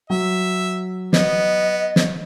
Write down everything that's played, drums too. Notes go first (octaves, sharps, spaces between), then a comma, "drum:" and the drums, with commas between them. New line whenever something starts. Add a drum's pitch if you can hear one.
F#3 E5
B3 D#5, drum: snare
drum: snare